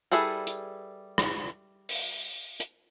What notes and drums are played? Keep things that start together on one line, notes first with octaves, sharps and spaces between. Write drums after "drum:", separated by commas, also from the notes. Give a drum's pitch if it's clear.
G3 E4 G#4 A4 B4
drum: hi-hat
drum: rim click
drum: open hi-hat
drum: hi-hat